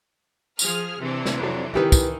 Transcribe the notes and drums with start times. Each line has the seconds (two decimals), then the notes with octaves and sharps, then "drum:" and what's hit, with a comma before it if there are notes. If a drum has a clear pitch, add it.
0.59 F3 G#4 F6, drum: tambourine
1.00 C3 E3 D4
1.26 drum: snare
1.39 F2 F#3
1.74 D#3 E3 E4 G4 B4
1.92 drum: kick, tambourine